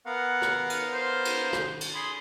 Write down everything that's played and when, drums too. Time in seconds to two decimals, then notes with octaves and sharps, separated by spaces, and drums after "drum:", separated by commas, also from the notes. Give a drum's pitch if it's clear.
0.06 B3 A#4 F5 F#5
0.42 drum: rim click
0.70 drum: cymbal
0.92 C5
1.25 drum: cymbal
1.53 drum: rim click
1.81 drum: cymbal
1.94 G#4 B5 C6